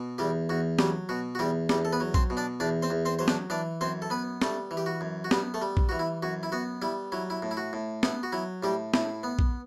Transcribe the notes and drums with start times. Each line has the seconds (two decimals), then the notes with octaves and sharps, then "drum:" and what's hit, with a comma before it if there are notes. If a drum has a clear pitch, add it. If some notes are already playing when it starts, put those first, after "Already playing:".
Already playing: B2
0.18 E2 G3 G4
0.49 E2 F#4
0.79 F#3 G3 G4, drum: snare
1.09 B2 F#4
1.35 F#4
1.39 E2 G3 G4
1.69 E2 G3 G4, drum: snare
1.85 A4
1.93 B3 B4
2.00 F#3
2.14 C4 C5, drum: kick A#1
2.30 B2
2.37 D4 D5
2.60 E2 D4 D5
2.82 C4 C5
2.90 E2
3.05 C4 C5
3.19 F#3 C5
3.28 D4 D5, drum: snare
3.50 E3 D4 D5
3.81 F#2 C4 C5
4.02 A4
4.10 B3 B4
4.42 G3 A3 A4, drum: snare
4.71 E3
4.77 G4
4.86 F#4
5.01 F#2
5.24 F#4
5.31 G3 B3 G4, drum: snare
5.54 A3 A4
5.62 G3
5.77 drum: kick A#1
5.89 E3 F#4
5.99 E4
6.23 F#2 F#4
6.43 E4
6.52 B3 F#4
6.82 G3 E4
7.12 F#3 E4
7.30 E4
7.42 A2
7.51 E4
7.57 F#4
7.73 A2
8.03 B3 E4, drum: snare
8.23 F#4
8.32 F#3 E4
8.63 A2 G3 G4
8.94 A2 E4, drum: snare
9.23 B3
9.39 drum: kick A#1